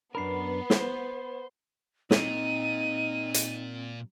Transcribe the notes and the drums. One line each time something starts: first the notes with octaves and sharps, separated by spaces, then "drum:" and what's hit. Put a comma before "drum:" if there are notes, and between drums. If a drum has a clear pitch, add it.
F#2 B3 D4 A#4 B5 C7
C5, drum: snare
A#2 C4 D#4 D#7, drum: snare
drum: hi-hat